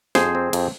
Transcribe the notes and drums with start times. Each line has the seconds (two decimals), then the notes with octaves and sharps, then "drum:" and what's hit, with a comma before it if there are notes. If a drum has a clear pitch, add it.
0.15 F2 G#4 C5, drum: snare
0.35 C4
0.53 F2, drum: cymbal